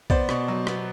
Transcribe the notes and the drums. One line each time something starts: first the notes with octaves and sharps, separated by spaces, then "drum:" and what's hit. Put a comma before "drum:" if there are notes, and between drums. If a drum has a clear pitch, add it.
B3 C5 D5, drum: kick
B2, drum: rim click
F#3
B3, drum: rim click